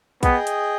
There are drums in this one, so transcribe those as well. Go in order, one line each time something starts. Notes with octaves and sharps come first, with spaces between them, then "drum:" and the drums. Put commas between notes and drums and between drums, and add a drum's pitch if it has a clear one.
B3 G#4 D#5 G5, drum: kick, hi-hat
drum: hi-hat